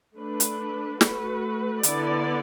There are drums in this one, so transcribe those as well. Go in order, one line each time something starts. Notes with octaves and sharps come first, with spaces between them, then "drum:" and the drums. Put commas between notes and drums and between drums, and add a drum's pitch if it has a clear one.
A3 D4 B4
drum: hi-hat
A3 F#4 B4, drum: snare
D3 B3 E4 D5, drum: hi-hat